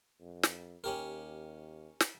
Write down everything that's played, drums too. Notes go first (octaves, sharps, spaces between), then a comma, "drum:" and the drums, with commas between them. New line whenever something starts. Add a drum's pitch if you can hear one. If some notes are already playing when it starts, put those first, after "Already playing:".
F2
drum: snare
D#2 C#4 G4 A#4
drum: snare